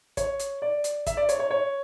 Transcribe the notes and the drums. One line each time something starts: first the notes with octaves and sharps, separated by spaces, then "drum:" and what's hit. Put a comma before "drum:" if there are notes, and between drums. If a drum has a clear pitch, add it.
C#5, drum: kick, hi-hat
drum: hi-hat
D5
drum: hi-hat
E5, drum: kick, hi-hat
D5
C#5, drum: hi-hat
C#5
C#5